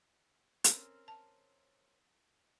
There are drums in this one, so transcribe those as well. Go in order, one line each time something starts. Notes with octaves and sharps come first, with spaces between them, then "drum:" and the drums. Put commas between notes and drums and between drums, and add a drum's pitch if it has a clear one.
C4 C#4 A#4, drum: hi-hat
A5